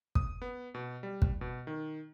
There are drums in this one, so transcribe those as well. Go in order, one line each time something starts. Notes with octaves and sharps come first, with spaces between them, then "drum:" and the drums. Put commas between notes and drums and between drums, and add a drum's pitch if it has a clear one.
D#6, drum: kick
B3
B2
G3
drum: kick
B2
D#3